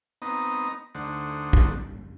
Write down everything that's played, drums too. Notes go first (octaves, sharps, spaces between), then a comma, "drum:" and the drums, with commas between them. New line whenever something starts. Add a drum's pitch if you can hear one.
B3 C4 D#4 D#5 A#5
D2 D3 A3 D#4 C5 F#5
drum: kick